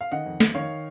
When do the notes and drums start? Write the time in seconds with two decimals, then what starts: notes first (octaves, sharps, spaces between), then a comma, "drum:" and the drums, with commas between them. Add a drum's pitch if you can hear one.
0.01 F5
0.11 D#3 D#5 F#5
0.26 F2
0.40 D#3, drum: snare
0.55 D#3 C#5 F5